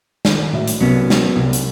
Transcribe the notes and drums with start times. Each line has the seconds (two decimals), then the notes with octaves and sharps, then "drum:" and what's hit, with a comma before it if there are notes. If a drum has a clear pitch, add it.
0.25 D#3 C#4, drum: snare
0.52 A2 F#3 E5
0.68 drum: hi-hat
0.80 C2 F#3 B3 C#4
1.10 drum: snare
1.36 C2
1.53 drum: hi-hat